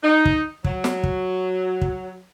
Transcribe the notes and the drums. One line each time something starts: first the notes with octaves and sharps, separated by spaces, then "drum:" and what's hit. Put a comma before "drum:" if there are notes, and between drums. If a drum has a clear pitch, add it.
D#4
drum: kick
F#3, drum: kick
drum: snare
drum: kick
drum: kick